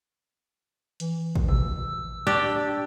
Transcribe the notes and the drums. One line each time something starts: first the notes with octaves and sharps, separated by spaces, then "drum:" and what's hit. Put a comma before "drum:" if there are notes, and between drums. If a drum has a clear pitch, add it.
E3, drum: hi-hat
drum: kick
E6, drum: tom A#2
D4 G4